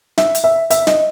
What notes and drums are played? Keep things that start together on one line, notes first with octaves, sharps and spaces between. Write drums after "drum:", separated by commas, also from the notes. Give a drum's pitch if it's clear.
E5, drum: snare
drum: hi-hat
E5
E5, drum: hi-hat
D#5, drum: snare